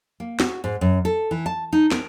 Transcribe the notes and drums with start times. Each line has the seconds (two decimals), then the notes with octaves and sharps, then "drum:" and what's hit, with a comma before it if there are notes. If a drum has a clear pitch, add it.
0.20 A#3
0.40 F#4, drum: snare
0.64 G#2
0.81 F#2
1.05 A4
1.31 E3
1.46 A5
1.73 D#4
1.91 A#4, drum: snare